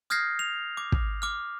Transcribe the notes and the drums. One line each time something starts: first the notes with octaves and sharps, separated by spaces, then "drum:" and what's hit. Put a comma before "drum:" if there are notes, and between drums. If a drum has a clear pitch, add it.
D#6 F6 G6 G#6 A#6 C7
F7
D6
drum: kick
D6 F6